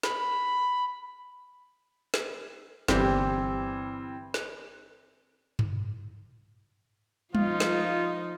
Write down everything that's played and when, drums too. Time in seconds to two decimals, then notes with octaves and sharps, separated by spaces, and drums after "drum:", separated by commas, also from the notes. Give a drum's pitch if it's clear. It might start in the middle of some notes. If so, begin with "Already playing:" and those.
0.03 B5, drum: snare
2.14 drum: snare
2.88 G1 E3 G3 C4 G4, drum: snare
4.34 drum: snare
5.59 drum: tom G2
7.35 F3 D#4 F4, drum: tom G3
7.60 drum: snare